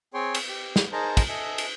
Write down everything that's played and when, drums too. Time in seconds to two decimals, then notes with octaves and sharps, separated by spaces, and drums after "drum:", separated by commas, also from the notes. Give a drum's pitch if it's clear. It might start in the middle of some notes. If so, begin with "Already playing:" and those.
0.14 C4 G#4 C#5 G5 C6
0.35 drum: cymbal
0.49 G4
0.76 drum: snare
0.92 D#4 G#4 A#4 C5 A5 A#5
1.17 drum: kick, cymbal
1.29 A4 D#5 E5 G#5
1.58 drum: cymbal